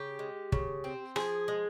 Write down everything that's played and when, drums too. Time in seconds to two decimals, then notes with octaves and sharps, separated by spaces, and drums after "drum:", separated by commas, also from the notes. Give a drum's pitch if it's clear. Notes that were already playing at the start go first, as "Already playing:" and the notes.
Already playing: C#3 G4
0.19 G#3
0.52 C#3, drum: kick
0.84 C4
1.16 F3 G#4, drum: rim click
1.48 G#3